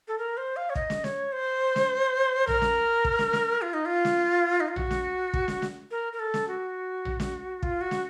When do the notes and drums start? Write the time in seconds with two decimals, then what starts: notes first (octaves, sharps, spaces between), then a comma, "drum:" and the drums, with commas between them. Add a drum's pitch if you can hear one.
0.08 A4
0.18 A#4
0.37 C5
0.56 F5
0.70 C#5
0.75 D#5, drum: kick
0.90 drum: snare
1.04 C#5, drum: snare
1.32 C5
1.76 drum: snare
2.47 A#4, drum: tom A#1
2.62 drum: snare
3.05 drum: kick
3.19 drum: snare
3.33 drum: snare
3.62 F4
3.74 D#4
3.85 F4
4.05 drum: snare
4.60 D#4
4.68 F4
4.76 F#4, drum: tom A#1
4.91 drum: snare
5.34 drum: kick
5.48 drum: snare
5.62 drum: snare
5.91 A#4
6.13 A#4
6.20 A4
6.34 drum: snare
6.48 F#4
7.05 drum: tom A#1
7.20 drum: snare
7.63 F4, drum: kick
7.81 F#4
7.91 drum: snare